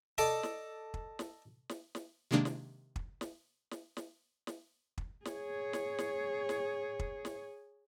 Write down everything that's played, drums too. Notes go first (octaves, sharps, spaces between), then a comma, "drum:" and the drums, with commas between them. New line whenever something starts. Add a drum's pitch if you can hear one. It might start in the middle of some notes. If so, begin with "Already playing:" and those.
A4 D5 D#5 A5
drum: snare
drum: kick
drum: snare
drum: snare
drum: snare
C3 D#3 G#3 A#3 D4
drum: snare
drum: kick
drum: snare
drum: snare
drum: snare
drum: snare
drum: kick
G#4 C#5, drum: snare
drum: snare
drum: snare
drum: snare
drum: kick
drum: snare